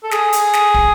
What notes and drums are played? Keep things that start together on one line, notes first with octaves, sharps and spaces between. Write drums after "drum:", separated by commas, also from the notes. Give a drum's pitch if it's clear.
A4
G#4, drum: snare
drum: hi-hat
drum: snare
drum: kick